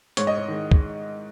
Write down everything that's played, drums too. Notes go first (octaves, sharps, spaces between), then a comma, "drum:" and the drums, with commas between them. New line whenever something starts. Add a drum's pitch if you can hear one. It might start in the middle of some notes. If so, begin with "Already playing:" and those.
G#2 C#5, drum: hi-hat
D#5
C#5
D#3 G#3
drum: kick